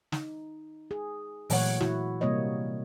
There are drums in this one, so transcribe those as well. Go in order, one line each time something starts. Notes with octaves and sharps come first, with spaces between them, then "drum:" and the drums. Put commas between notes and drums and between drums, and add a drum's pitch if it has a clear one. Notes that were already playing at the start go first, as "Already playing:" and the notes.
D#4, drum: snare
G#4
A#2 E3 F#3 A3 C#5 F#5, drum: open hi-hat
E4 F#4, drum: snare
C3 G3 A#3 C4 C#5 D#5